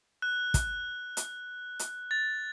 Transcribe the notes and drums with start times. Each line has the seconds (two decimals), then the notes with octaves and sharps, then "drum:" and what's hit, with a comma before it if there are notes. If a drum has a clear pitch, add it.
0.22 F#6
0.54 drum: kick, hi-hat
1.17 drum: hi-hat
1.79 drum: hi-hat
2.11 A6